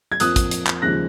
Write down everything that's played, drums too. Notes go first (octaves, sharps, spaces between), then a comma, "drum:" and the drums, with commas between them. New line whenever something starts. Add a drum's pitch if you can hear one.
G#6
F2 F3 A#3 D#6 F#6, drum: hi-hat
drum: kick, hi-hat
drum: hi-hat
drum: clap
D#2 C#3 F3 G#3 F#6 A#6